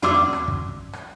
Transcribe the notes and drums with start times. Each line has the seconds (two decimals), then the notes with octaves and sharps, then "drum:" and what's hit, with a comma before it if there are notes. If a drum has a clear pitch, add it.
0.02 C#4 F#4 D5 C6 D6 E6, drum: tom
0.33 drum: rim click
0.48 drum: kick
0.93 drum: rim click